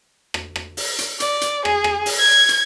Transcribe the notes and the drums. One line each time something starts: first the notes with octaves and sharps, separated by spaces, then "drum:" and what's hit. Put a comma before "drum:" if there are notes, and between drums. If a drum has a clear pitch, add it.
drum: rim click
drum: rim click
drum: open hi-hat
drum: hi-hat
D5, drum: hi-hat
drum: hi-hat
G#4, drum: rim click
drum: rim click
drum: open hi-hat
G#6
drum: hi-hat